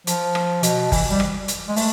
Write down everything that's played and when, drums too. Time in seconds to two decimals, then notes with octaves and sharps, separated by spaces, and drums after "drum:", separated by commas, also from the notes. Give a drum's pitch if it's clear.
0.07 F3, drum: hi-hat
0.35 drum: rim click
0.63 B2, drum: hi-hat
0.92 E3, drum: kick G1, open hi-hat
1.10 G3
1.20 drum: rim click
1.48 drum: hi-hat
1.68 G#3
1.76 A3, drum: open hi-hat